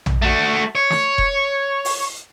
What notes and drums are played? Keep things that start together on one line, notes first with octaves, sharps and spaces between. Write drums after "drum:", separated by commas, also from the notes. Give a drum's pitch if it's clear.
drum: tom A#1
A3 F#4
C#5
drum: snare
drum: kick E1
drum: open hi-hat